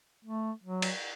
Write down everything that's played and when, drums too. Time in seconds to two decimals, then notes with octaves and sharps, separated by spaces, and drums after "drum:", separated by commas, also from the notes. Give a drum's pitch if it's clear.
0.25 A3
0.64 F#3
0.82 drum: cymbal